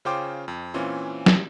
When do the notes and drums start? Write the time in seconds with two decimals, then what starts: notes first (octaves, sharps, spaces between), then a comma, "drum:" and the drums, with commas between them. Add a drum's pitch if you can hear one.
0.05 C#3 C#4 F4 C5 G5 D6
0.48 F2
0.74 A#2 E3 C4 C#4 F4
1.26 drum: snare